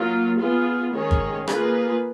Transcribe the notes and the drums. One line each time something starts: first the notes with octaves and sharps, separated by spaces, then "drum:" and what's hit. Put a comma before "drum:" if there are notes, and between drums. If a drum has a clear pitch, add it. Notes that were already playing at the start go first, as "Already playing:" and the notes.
Already playing: F#3 A#3 F4
B3 F4 G#4
D#3 G#3 C#4 G#4 C#5
drum: kick G1
A#3 F4 G#4 B4, drum: rim click